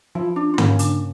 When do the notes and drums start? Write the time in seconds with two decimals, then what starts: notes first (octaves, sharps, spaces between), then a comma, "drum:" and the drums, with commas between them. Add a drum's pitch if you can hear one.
0.15 F3 E4
0.36 D4
0.54 F4
0.58 A#3 C#4 E4, drum: tom
0.79 D4, drum: hi-hat